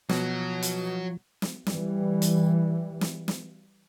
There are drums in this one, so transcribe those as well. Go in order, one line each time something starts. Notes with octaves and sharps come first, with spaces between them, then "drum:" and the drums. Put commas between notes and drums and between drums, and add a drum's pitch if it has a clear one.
B2 F3 F#3, drum: snare
drum: hi-hat
drum: snare
E3 G3, drum: snare
drum: hi-hat
drum: snare
drum: snare